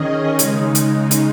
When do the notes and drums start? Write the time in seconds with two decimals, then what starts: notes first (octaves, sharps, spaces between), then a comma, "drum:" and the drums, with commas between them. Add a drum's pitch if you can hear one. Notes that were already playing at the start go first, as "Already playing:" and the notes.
Already playing: D#3 C#4 G#4 D#5
0.39 C#3 G#3 D#4, drum: hi-hat
0.75 drum: hi-hat
1.11 drum: hi-hat